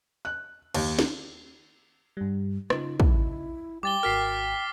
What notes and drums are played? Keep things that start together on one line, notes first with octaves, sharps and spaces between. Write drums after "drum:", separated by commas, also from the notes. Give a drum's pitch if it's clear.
F#6
D#2, drum: cymbal
drum: snare
G2 G3
C#3 D#4 F4, drum: rim click
E4, drum: kick
G3 G5 D6 A6 G7
G#1 F#4 A#4 F6 B6 C7